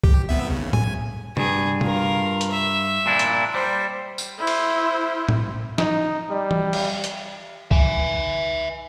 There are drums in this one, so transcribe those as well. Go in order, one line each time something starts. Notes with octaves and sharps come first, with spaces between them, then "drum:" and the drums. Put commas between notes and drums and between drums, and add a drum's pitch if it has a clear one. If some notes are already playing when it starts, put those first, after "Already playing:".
G4, drum: kick C2
C2 B3 E5
D#2 C#3
G#5, drum: tom A2
G2 G#4, drum: tom C3
F4 A#4, drum: tom C3
drum: hi-hat
E5
A#2 D4 E4
drum: hi-hat
G3 C5
drum: tambourine
E4 C5
drum: cymbal
drum: tom A2
D#4, drum: snare
G3
drum: tom E3
drum: cymbal
drum: hi-hat
E5 G#5, drum: kick C2